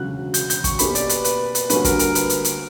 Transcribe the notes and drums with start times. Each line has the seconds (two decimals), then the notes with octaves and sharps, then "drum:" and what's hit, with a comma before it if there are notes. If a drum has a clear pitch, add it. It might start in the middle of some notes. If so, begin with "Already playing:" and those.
Already playing: E1 D2 C#3 F#3 F#6
0.34 G6, drum: hi-hat
0.50 G6, drum: hi-hat
0.64 C#6, drum: kick, hi-hat
0.79 B2 A#3 C#4 G4 A#4 B5, drum: hi-hat
0.95 D5, drum: hi-hat
1.09 B4, drum: hi-hat
1.25 B4, drum: hi-hat
1.55 B4, drum: hi-hat
1.70 D2 D3 G3 A#3 C#4 B4, drum: hi-hat
1.85 A#4, drum: kick, hi-hat
1.99 A#4, drum: hi-hat
2.15 B4, drum: hi-hat
2.30 drum: hi-hat
2.45 drum: hi-hat